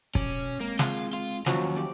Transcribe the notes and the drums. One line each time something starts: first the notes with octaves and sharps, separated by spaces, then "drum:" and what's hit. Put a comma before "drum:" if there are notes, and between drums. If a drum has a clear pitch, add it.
B2 C#4 D5, drum: kick
G#3 A#3 C4
F4 G#4, drum: snare
F4 C6
D#2 F3 F#3 C#4 C#5, drum: snare
G4 D5